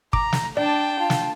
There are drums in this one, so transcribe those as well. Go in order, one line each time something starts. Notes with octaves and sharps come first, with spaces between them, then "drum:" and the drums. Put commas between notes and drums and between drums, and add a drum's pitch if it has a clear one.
A#5 D6, drum: kick
drum: snare
D4 D5 G5 A5
F4 A5
drum: snare